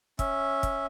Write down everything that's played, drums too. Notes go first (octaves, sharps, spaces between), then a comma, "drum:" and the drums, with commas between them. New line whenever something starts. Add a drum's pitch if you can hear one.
C#4 E5, drum: kick, hi-hat
drum: kick, hi-hat